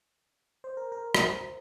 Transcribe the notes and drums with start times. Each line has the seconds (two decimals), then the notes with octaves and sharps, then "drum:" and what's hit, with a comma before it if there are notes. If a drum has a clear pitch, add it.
0.64 C5
0.77 A#4
0.92 A#4
1.15 drum: rim click